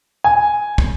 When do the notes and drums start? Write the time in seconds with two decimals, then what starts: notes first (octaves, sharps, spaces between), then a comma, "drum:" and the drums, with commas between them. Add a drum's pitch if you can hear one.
0.24 G#5
0.78 drum: kick